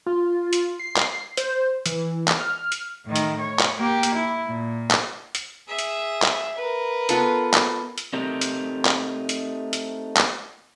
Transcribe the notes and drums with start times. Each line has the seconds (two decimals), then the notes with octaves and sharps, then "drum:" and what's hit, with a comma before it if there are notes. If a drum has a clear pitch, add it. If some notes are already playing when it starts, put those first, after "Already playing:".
0.06 F4
0.53 drum: hi-hat
0.79 C7
0.96 drum: clap
1.37 C5, drum: hi-hat
1.86 E3, drum: hi-hat
2.28 drum: clap
2.38 F6
2.72 drum: hi-hat
3.06 A2 D#3
3.16 drum: hi-hat
3.40 C#5
3.59 drum: clap
3.78 A#3 G4
4.03 drum: hi-hat
4.15 E4
4.47 A#2
4.91 drum: clap
5.35 drum: hi-hat
5.68 G#4 E5
5.78 drum: hi-hat
6.22 drum: clap
6.57 A#4 B4
7.09 B3 F4 A4, drum: hi-hat
7.54 drum: clap
7.98 drum: hi-hat
8.13 A3 C4 D#4 G4 A#4
8.41 drum: hi-hat
8.85 drum: clap
9.29 drum: hi-hat
9.73 drum: hi-hat
10.17 drum: clap